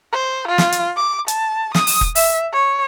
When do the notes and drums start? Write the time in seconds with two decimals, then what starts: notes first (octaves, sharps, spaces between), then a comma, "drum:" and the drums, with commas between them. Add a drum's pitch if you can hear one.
0.13 C5
0.48 F4
0.58 drum: snare
0.72 drum: hi-hat
0.97 D6
1.28 A5, drum: hi-hat
1.75 D#6, drum: snare
1.87 drum: open hi-hat
2.01 drum: kick
2.15 E5, drum: open hi-hat
2.52 C#5